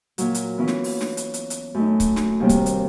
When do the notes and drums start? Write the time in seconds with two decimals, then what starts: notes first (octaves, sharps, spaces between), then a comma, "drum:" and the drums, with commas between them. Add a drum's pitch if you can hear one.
0.18 A#2 F#3, drum: hi-hat
0.34 drum: hi-hat
0.58 E3 B3 C#4 E4 F4
0.68 drum: snare
0.84 drum: open hi-hat
1.01 drum: snare
1.17 drum: hi-hat
1.34 drum: hi-hat
1.50 drum: hi-hat
1.74 F#2 A3 D#4
2.00 drum: kick C#1, hi-hat
2.16 drum: snare
2.40 D#2 C3 G3 A#3 C4
2.49 drum: kick C#1, hi-hat
2.66 drum: hi-hat